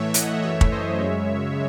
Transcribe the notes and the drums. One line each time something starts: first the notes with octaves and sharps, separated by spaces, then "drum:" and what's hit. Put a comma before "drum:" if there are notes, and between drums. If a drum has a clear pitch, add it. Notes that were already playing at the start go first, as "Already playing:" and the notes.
Already playing: A2 E3 A3 C#5 E5
D#5 F#5, drum: hi-hat
F#2 E3 A3 C#5 E5
drum: kick
C5 D#5
F#2 C#3 G#3 C#5 E5